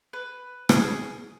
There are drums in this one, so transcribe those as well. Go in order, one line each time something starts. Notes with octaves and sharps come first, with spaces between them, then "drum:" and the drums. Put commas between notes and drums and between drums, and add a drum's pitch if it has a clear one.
B4
G#4, drum: rim click